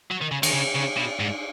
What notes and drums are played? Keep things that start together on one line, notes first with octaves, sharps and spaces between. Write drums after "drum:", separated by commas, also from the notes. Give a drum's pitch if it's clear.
F#3
D#3
C#3
D#3, drum: cymbal
C#3
C#3
B2
G#2